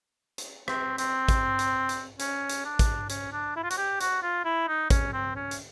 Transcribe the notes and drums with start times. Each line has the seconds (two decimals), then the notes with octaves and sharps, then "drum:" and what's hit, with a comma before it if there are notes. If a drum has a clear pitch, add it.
0.38 drum: hi-hat
0.68 C4, drum: rim click
0.98 C4, drum: hi-hat
1.28 drum: kick, hi-hat
1.59 drum: hi-hat
1.89 drum: hi-hat
2.19 C#4, drum: hi-hat
2.49 drum: hi-hat
2.65 D4
2.79 drum: kick, hi-hat
3.09 C#4, drum: hi-hat
3.32 D4
3.56 E4
3.63 F4
3.70 F#4, drum: hi-hat
3.78 G4
4.00 F#4, drum: hi-hat
4.23 F4
4.45 E4
4.68 D#4
4.90 C#4, drum: kick, hi-hat
5.13 C4
5.36 C#4
5.51 drum: hi-hat